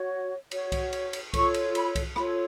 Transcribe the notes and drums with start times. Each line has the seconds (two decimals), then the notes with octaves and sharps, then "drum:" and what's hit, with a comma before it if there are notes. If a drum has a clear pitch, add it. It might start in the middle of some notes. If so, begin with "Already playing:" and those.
Already playing: F#4 C#5
0.51 F#4 C#5, drum: cymbal
0.72 drum: kick C2, cymbal
0.93 drum: cymbal
1.13 drum: cymbal
1.34 F4 A4 C#5 C#6, drum: kick C2, cymbal
1.54 drum: cymbal
1.75 B5, drum: cymbal
1.95 drum: kick C2, cymbal
2.16 F4 A4 C#5 B5, drum: rim click